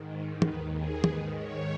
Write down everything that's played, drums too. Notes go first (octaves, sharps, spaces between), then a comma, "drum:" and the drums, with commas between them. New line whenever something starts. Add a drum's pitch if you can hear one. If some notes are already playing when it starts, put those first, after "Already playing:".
Already playing: G#2 D#3
D#2 D#3 B4, drum: tom
G#4
G#2 D#3 B4, drum: tom
C#5